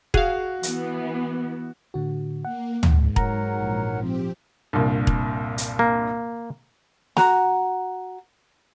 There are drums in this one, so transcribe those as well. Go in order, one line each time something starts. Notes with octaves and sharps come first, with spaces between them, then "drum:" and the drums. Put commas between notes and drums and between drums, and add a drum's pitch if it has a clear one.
F#4 G#4 F5, drum: kick E1
E3 B3, drum: hi-hat
A2 D3 F#4
A#3 F#5
G#2, drum: tom
F#3 A#4 F#5 A#5, drum: kick E1
A#1 A#2
F3 C4 G4
C2 G2 A#2
drum: kick E1
drum: hi-hat
A#3
F#4 A#5, drum: snare